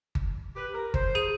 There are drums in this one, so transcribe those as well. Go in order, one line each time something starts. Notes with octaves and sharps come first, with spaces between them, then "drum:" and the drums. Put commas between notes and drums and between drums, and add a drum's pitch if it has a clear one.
drum: kick G1
G4 B4
A#4
C5, drum: kick G1
G#4 D#7